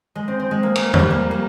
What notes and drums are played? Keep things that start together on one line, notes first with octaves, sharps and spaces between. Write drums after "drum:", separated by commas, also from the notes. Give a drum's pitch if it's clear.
G#3
C4
C4
G#3
A#3
A#3, drum: cymbal
F3, drum: tom E2
G3
A#3
A#3